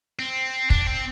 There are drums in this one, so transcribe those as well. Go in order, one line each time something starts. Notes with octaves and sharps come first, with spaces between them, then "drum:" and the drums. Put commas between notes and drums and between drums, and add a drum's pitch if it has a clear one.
C4
D4, drum: kick
C4